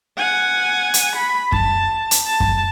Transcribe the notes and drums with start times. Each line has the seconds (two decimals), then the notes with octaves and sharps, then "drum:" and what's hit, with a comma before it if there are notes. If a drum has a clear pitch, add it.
0.17 F#5 G#5
0.94 drum: hi-hat
1.16 B5
1.52 A5, drum: kick F#2
2.11 drum: hi-hat
2.26 A5
2.40 drum: kick F#2